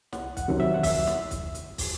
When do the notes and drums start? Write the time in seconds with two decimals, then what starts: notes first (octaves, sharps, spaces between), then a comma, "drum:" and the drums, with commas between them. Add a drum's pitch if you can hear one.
0.13 C2 F#5, drum: snare
0.37 F#5, drum: kick, hi-hat
0.48 C3 D#3 F#3
0.60 E5
0.74 F#5
0.83 E5, drum: kick, open hi-hat
1.07 drum: snare
1.31 drum: kick, hi-hat
1.55 drum: hi-hat
1.78 drum: kick, open hi-hat